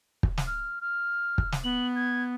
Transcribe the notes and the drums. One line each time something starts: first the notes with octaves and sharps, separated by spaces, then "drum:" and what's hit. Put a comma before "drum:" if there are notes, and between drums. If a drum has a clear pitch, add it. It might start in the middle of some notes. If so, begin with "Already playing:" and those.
drum: kick
drum: snare
F6
F6
drum: kick
drum: snare
B3 F#7
G#6